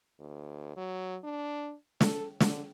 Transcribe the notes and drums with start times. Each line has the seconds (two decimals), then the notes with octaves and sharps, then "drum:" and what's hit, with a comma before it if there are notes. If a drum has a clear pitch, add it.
0.20 D2
0.76 F#3
1.24 D4
2.01 A4, drum: snare
2.40 D3, drum: snare